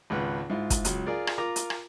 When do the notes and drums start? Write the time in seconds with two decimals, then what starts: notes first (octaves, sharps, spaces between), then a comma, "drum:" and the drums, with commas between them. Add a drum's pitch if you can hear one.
0.10 G#1 C#2 B4
0.50 G#2 E4 F4
0.70 drum: kick, hi-hat
0.85 C#2 F#3, drum: hi-hat
1.06 F4 G#4 A#4 D5
1.27 drum: rim click
1.38 F4 A#4 A#5 D6
1.56 drum: hi-hat
1.70 drum: rim click